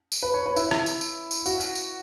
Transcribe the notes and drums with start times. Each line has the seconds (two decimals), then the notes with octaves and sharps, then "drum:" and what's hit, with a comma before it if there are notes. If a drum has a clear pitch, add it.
0.12 drum: tambourine
0.23 B4
0.34 C#5
0.46 B4
0.56 E4, drum: tambourine
0.71 drum: rim click
0.86 drum: tambourine
1.01 drum: tambourine
1.31 drum: tambourine
1.46 F#4, drum: tambourine
1.61 drum: tambourine
1.75 drum: tambourine